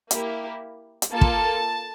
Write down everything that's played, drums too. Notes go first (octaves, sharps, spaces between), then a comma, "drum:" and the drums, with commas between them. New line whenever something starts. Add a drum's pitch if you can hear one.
A#3 E4 G4, drum: hi-hat
drum: hi-hat
A#3 F4 A4 A5
drum: kick